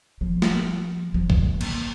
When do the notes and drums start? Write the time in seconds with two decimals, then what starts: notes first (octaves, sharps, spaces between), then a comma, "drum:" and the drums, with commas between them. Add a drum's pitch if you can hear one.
0.21 F3
0.42 drum: snare
1.14 F3
1.30 G3, drum: kick
1.45 G#3
1.61 A#3, drum: cymbal